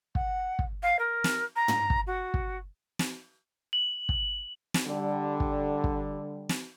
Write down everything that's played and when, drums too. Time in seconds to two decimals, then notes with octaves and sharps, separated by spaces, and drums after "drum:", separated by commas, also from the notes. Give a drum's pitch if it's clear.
0.15 F#5, drum: kick
0.59 drum: kick
0.82 F5
0.99 A#4
1.24 drum: snare
1.56 A#5
1.68 drum: tom
1.90 drum: kick
2.06 F#4
2.34 drum: kick
2.99 drum: snare
3.73 F#7
4.09 drum: kick
4.74 drum: snare
4.86 D3 G3
5.40 drum: kick
5.84 drum: kick
6.49 drum: snare